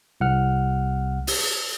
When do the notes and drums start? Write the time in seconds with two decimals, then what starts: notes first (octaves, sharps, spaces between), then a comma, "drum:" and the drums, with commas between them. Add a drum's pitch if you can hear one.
0.21 C2 F#5 F6
1.27 drum: open hi-hat